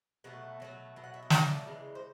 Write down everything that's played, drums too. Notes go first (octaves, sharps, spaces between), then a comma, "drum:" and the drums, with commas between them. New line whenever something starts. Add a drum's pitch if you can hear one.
B2 F#3 A3 F#5
B2 F#3 A3
B2 F#3
F#5
E5
D#5
B2 F#3 A3 D5, drum: snare
C#3 E3 G#3
C5